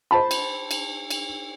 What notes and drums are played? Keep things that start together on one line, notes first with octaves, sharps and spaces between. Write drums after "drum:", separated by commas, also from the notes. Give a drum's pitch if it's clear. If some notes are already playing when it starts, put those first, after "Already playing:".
C5 A5 B5
drum: cymbal
drum: cymbal
drum: cymbal